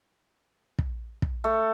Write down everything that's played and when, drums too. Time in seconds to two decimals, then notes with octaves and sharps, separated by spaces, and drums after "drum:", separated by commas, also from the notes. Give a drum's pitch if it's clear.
0.79 drum: kick
1.22 drum: kick
1.44 A3